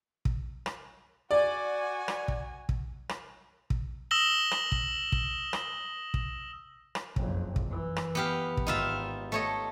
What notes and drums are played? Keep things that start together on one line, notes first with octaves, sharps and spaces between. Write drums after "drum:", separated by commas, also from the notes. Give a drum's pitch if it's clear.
drum: kick
drum: rim click
F#4 D5 G#5
drum: rim click
drum: kick
drum: kick
drum: rim click
drum: kick
D#6 E6 A#6 E7 F#7 G7
drum: rim click
drum: kick
drum: kick
drum: rim click
drum: kick
drum: rim click
F#1 F2, drum: kick
drum: kick
E3
drum: rim click
B3 G4 F5
drum: kick
G#1 D#4 F4 E5
A3 C#5 D#5